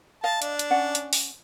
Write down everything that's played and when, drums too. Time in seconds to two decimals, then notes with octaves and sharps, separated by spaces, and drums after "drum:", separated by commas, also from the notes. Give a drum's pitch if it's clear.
0.24 D#5 F5 A5
0.42 D4, drum: hi-hat
0.59 drum: hi-hat
0.70 C#4 D5 F#5
0.95 drum: hi-hat
1.13 drum: open hi-hat